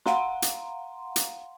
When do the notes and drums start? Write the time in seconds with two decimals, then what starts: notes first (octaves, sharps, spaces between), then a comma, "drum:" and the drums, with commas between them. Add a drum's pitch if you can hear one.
0.06 F5 F#5 A#5 C6, drum: snare
0.42 drum: hi-hat
1.16 drum: hi-hat